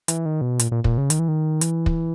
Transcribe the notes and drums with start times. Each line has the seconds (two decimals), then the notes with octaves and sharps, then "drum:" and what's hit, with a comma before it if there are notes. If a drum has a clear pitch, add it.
0.08 E3, drum: hi-hat
0.26 D#3
0.41 B2
0.59 A#2, drum: hi-hat
0.72 A#2
0.84 A#2, drum: kick
0.98 C#3
1.10 D#3, drum: hi-hat
1.19 E3
1.28 D#3
1.61 E3, drum: hi-hat
1.86 drum: kick